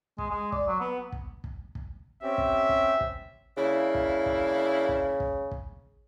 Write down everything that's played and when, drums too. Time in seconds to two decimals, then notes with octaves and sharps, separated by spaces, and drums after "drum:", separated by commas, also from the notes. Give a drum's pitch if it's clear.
0.18 G#3, drum: kick
0.31 G#3
0.52 D5, drum: kick
0.68 F#3
0.80 B3
1.12 drum: kick
1.44 drum: kick
1.75 drum: kick
2.23 C4 C#4 G4 E5
2.38 drum: kick
2.69 drum: kick
3.01 drum: kick
3.57 C#3 A#3 D4 E4
3.95 drum: kick
4.26 drum: kick
4.89 drum: kick
5.20 drum: kick
5.51 drum: kick